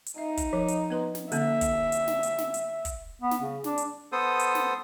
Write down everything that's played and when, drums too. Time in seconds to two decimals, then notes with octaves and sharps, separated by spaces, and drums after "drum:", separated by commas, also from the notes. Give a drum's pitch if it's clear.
0.06 drum: hi-hat
0.18 D#4 E5
0.37 drum: kick, hi-hat
0.53 F3 A#4
0.68 drum: hi-hat
0.90 B3 B4 C6
1.15 drum: snare
1.32 D3 A#3 C#4 E5, drum: hi-hat
1.61 drum: kick, hi-hat
1.92 drum: hi-hat
2.07 drum: snare
2.23 drum: hi-hat
2.38 drum: snare
2.54 drum: hi-hat
2.85 drum: kick, hi-hat
3.22 B3
3.31 drum: snare
3.41 C#3
3.64 D4, drum: snare
3.78 drum: hi-hat
4.12 B3 A4 C5 D#6
4.39 drum: hi-hat
4.55 drum: snare